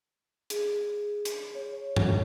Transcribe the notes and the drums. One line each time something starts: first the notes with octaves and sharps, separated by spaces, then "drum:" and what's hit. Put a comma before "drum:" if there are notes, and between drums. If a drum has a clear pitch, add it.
G#4, drum: hi-hat
drum: hi-hat
C#5
drum: tom G2